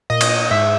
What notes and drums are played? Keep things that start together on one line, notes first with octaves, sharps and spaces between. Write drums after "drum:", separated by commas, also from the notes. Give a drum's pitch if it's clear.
A#2 D#5
drum: cymbal
G#2 E5